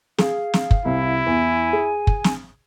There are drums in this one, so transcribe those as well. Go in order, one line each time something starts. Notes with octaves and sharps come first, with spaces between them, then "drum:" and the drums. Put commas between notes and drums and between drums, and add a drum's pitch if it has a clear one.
G#4 F5, drum: snare
drum: snare
drum: kick
C2 E4
E2 G#5
G#4
drum: kick
drum: snare